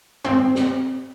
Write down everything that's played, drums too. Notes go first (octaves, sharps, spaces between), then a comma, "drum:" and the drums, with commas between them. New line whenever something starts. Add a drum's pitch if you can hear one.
C4, drum: tom G2
drum: snare